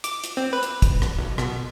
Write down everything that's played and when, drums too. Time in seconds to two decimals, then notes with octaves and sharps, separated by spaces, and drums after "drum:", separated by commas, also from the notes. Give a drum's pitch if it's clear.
0.04 D6, drum: hi-hat
0.24 drum: hi-hat
0.37 C4
0.53 B4
0.63 drum: hi-hat
0.82 drum: kick, hi-hat
1.02 drum: rim click
1.17 B1
1.38 B2, drum: rim click